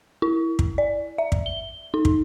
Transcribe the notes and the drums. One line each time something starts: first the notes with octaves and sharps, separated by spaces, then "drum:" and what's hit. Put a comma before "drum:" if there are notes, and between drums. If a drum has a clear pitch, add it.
E4
drum: kick
D5
E5
drum: kick
G7
D#4
drum: kick